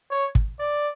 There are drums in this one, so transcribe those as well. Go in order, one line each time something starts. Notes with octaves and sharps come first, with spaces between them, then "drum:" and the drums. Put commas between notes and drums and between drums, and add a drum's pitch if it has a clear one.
C#5
drum: kick
D5